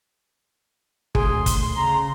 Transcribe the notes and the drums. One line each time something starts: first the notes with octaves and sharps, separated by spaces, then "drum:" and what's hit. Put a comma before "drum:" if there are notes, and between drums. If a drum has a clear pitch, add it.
D2 G#4 C6, drum: kick
drum: kick, hi-hat
C#3 A#5